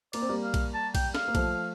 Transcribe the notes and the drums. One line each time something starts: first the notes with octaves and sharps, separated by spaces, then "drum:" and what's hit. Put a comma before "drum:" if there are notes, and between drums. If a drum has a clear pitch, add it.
A#3 D5, drum: cymbal
C4
G3 A#3
F5
drum: kick B1, cymbal
A5
G5, drum: kick B1, cymbal
F5, drum: snare
A#3
F3 A3, drum: kick B1, cymbal